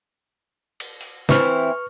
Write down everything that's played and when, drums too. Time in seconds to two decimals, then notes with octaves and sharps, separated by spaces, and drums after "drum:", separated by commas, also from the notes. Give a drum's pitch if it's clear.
0.80 drum: cymbal
1.01 drum: open hi-hat
1.29 E3 C4 E4 B4 C#6 F6, drum: snare